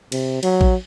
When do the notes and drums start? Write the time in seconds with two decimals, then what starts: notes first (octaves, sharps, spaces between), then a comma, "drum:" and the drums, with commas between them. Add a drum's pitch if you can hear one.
0.12 C3, drum: cymbal
0.43 F#3, drum: cymbal
0.61 drum: kick A1